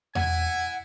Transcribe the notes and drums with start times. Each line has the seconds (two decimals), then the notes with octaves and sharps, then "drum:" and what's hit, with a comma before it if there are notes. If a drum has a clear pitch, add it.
0.15 E4 F#5 G#5, drum: tom E2